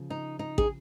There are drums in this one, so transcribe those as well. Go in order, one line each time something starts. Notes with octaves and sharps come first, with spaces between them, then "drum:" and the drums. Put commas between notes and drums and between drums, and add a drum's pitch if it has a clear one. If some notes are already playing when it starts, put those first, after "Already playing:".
Already playing: C#3 F3
D#4
D#4
G#4, drum: kick